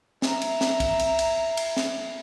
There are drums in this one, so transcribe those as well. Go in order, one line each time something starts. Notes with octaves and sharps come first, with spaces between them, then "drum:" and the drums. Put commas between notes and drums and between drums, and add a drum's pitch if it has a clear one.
E5 A#5, drum: snare
drum: cymbal
drum: snare
drum: kick, cymbal
drum: cymbal
drum: cymbal
drum: cymbal
drum: snare